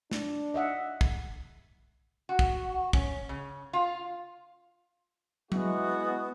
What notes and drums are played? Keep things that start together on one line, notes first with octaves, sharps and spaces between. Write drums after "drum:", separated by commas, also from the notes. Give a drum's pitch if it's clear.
D4, drum: snare
D#5 E5 F#5
drum: kick
F#4
drum: kick
C#4, drum: kick
C#3
F4
G#3 B3 E4 F#4, drum: tom F#3